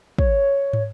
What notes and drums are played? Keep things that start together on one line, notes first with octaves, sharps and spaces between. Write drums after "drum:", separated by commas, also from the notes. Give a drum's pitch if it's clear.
C#5, drum: kick
drum: tom